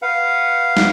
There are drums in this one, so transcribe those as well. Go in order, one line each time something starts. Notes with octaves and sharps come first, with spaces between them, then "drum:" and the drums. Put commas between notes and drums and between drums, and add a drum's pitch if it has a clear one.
B4 F5 F#5
drum: snare